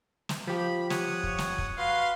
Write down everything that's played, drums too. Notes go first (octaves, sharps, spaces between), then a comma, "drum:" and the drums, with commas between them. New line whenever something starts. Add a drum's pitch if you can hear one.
drum: snare
F3 G4 B5
C#5 F#5 D#6, drum: snare
drum: kick
drum: snare
drum: kick
F#4 B4 F5 C6